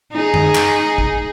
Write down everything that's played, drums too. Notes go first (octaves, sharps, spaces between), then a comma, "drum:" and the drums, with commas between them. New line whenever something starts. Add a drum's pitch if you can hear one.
D#4 G#4
drum: tom F#2
drum: clap
drum: kick